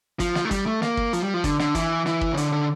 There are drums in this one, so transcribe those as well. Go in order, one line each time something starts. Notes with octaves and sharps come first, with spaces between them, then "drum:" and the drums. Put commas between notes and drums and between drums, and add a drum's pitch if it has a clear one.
F3, drum: kick, hi-hat
drum: snare
A3
G3, drum: kick, hi-hat
A3
A#3, drum: snare
drum: kick
F3, drum: hi-hat
G3
F3
D3, drum: kick, hi-hat
D3, drum: snare
E3, drum: kick, hi-hat
E3, drum: snare
drum: kick
C#3
D3, drum: hi-hat
D3